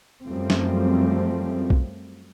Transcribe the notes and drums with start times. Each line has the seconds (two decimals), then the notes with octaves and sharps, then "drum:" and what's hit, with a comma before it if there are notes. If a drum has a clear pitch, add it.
0.24 F#2 F3 G3 A3 C4
0.50 drum: snare
1.70 drum: kick B1